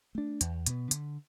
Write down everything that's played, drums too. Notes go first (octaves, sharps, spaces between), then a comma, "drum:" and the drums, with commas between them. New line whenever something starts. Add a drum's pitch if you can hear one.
A3 D4
E2, drum: hi-hat
B2 B3, drum: hi-hat
D3, drum: hi-hat